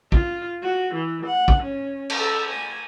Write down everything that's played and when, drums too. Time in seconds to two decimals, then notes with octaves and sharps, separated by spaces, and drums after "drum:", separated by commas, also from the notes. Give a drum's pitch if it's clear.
0.12 F4, drum: kick
0.63 F#4
0.95 E3
1.26 F#5
1.48 drum: kick
1.63 C#4
2.10 drum: cymbal
2.20 A4
2.50 G#5